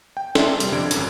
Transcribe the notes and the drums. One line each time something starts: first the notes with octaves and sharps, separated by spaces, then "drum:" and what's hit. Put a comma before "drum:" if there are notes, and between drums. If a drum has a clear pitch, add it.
G5
D5 E5 C6, drum: snare
C3 G3, drum: hi-hat
F2 D3 G#6 D7
G#1 F#2, drum: hi-hat